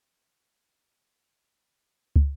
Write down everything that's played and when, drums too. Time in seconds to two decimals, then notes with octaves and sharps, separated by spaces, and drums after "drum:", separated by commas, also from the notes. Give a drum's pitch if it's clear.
0.04 A#3 B3
2.16 drum: kick